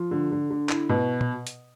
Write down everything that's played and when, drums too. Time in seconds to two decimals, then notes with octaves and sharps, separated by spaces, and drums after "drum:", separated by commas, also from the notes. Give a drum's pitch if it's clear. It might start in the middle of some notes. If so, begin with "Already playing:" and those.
Already playing: F3
0.11 D3
0.32 D3
0.50 D3
0.69 E4, drum: clap
0.89 B2
1.21 drum: tom
1.47 drum: hi-hat